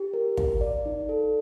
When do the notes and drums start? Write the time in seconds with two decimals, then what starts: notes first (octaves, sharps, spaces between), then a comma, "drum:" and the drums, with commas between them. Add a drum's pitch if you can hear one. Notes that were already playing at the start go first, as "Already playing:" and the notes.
Already playing: G4
0.14 A#4
0.37 F5, drum: kick
0.61 D5
0.86 D#4
1.09 A4